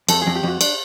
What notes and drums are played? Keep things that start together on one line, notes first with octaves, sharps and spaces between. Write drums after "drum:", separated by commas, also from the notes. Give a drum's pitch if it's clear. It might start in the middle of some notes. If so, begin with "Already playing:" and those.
F2 A4, drum: cymbal
G#4
F2
G4
F2 F#4
D4, drum: cymbal